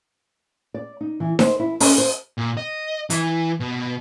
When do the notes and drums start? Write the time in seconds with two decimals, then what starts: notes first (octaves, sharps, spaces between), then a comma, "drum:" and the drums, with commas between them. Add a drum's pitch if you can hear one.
0.74 D5
1.01 D#4
1.20 E3
1.39 C5, drum: snare D#4
1.60 E4
1.80 C#4, drum: open hi-hat
1.98 C5
2.38 A#2
2.57 D#5
3.10 E3, drum: hi-hat
3.60 B2